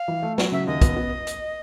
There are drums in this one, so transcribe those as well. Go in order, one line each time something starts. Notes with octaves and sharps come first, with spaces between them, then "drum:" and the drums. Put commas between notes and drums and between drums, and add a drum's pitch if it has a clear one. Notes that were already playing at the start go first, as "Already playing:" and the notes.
Already playing: F5
E3
A3
F#3, drum: snare
C#3 E5
D#2 D#5
B3, drum: kick, hi-hat
B3
drum: hi-hat